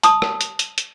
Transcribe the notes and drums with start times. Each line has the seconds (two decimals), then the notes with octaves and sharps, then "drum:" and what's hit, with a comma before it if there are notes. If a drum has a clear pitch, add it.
0.03 A5 D#6, drum: hi-hat
0.22 drum: rim click
0.41 drum: hi-hat
0.59 drum: hi-hat
0.78 drum: hi-hat